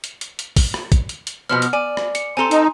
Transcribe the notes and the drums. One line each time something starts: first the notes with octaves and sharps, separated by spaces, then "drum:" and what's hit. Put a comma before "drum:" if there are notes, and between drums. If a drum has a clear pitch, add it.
drum: hi-hat
drum: hi-hat
drum: hi-hat
drum: kick, open hi-hat
drum: rim click
drum: kick, hi-hat
drum: hi-hat
drum: hi-hat
B2 F3 B3 F6
drum: hi-hat
D5 G#5
drum: rim click
C#7, drum: hi-hat
C4 A4 G#5 A#5 C6
D#4, drum: hi-hat